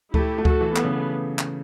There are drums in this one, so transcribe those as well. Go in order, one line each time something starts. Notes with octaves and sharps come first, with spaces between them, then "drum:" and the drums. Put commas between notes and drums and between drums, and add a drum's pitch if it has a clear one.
A3 E4 G4, drum: kick D2
A3
F#4 A4, drum: kick D2
E3
B3, drum: clap
C#3
drum: clap